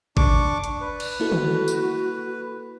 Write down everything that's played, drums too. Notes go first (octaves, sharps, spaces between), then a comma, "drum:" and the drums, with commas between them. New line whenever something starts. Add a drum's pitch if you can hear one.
D4 C#6 D6, drum: kick G1
drum: hi-hat
B4 D5
drum: cymbal
A#3 E4 F#4 A4
drum: tom D3
drum: tambourine